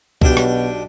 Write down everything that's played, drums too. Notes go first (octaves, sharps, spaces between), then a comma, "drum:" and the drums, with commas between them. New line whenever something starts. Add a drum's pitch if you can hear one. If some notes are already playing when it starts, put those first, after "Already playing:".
B1 B2 D4 G4, drum: kick
drum: rim click